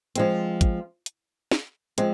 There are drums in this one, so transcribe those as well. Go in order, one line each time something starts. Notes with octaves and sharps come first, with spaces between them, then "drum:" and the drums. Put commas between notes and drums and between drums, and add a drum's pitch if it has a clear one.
F3 G#3 C4, drum: hi-hat
drum: kick, hi-hat
drum: hi-hat
drum: snare
F3 G#3 C4, drum: hi-hat